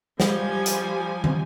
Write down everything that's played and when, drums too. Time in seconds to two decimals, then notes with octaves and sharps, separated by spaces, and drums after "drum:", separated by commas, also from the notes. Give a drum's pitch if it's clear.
0.20 F3 G3 G#5, drum: snare
0.66 drum: hi-hat
1.24 drum: tom